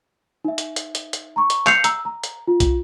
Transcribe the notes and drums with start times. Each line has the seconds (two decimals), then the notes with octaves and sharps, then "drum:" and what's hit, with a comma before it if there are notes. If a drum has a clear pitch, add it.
0.44 D#4 E5
0.58 drum: hi-hat
0.76 drum: hi-hat
0.95 drum: hi-hat
1.13 drum: hi-hat
1.36 A#5 C#6
1.50 drum: hi-hat
1.67 G6 C7 C#7 F7, drum: clap
1.84 A#5 E6, drum: hi-hat
2.05 A#5
2.24 drum: hi-hat
2.47 F4
2.60 drum: kick, hi-hat